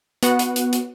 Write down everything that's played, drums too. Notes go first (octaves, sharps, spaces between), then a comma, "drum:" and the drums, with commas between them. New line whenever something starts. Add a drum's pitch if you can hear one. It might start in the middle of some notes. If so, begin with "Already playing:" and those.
B3 F#4 F#5, drum: hi-hat
drum: hi-hat
drum: hi-hat
drum: hi-hat